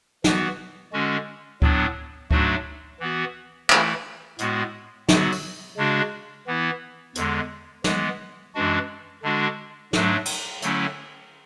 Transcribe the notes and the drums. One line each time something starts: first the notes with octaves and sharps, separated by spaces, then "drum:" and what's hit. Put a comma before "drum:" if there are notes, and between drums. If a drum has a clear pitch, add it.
E3 B3 F#4, drum: snare
D3 G#3 C#4 F#4
A2 F#3 B3 D4, drum: kick D2
G#2 F#3 A3 D4 F#4, drum: kick D2
E3 B3 F#4
E3 A3 E4, drum: clap
A2 G#3 B3 F#4, drum: hi-hat
D3 F#3 B3 F#4, drum: snare
drum: open hi-hat
C#3 G#3 D4 F#4
E3 B3 E4
E2 D3 G#3, drum: hi-hat
E3 G#3 B3, drum: snare
F#2 E3 G#3 D4 F#4
D3 G#3 D4 F#4
G#2 F#3 A3 D4, drum: snare
drum: cymbal
D3 F#3 A3 C#4 E4, drum: hi-hat